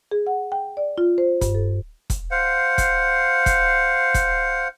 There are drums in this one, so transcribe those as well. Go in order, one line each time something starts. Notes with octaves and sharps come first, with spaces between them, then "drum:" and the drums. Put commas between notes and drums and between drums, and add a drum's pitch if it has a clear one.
G#4
F#5
G5
D5
F4
C5
G2, drum: kick E1, hi-hat
A4
drum: kick E1, hi-hat
C5 F5 F#5
drum: kick E1, hi-hat
drum: kick E1, hi-hat
drum: kick E1, hi-hat